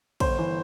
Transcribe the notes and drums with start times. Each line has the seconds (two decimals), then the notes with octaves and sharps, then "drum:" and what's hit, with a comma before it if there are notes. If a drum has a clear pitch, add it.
0.20 G1 C5, drum: kick, cymbal
0.39 E3